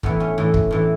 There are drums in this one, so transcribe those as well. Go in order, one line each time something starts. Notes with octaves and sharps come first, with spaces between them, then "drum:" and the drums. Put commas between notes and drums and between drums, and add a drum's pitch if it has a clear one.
A2 E3 B3, drum: kick
C#4
A2 E3
drum: kick
A2 E3